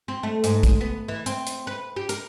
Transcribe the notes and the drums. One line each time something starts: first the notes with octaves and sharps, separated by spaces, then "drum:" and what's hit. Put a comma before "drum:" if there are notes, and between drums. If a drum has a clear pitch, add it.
C4
A3
G#2, drum: hi-hat
drum: kick, hi-hat
B3
E3
C4, drum: hi-hat
drum: hi-hat
B4
G4
A#4, drum: hi-hat